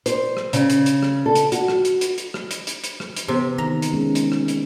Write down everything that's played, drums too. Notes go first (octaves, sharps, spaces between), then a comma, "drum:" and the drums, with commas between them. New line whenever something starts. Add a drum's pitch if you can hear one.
C5, drum: hi-hat
drum: rim click
C#3, drum: hi-hat
drum: hi-hat
drum: hi-hat
drum: rim click
A4
drum: hi-hat
F#4, drum: hi-hat
drum: rim click
drum: hi-hat
drum: hi-hat
drum: hi-hat
drum: rim click
drum: hi-hat
drum: hi-hat
drum: hi-hat
drum: rim click
drum: hi-hat
C3 E3 B3
D#3 A#5
drum: hi-hat
G#3 C#4 D#4
drum: hi-hat
drum: rim click
drum: hi-hat